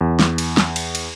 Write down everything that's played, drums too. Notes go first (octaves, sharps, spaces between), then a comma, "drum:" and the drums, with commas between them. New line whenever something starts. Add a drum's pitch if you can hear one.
E2
drum: snare
drum: cymbal
drum: snare
drum: cymbal
drum: cymbal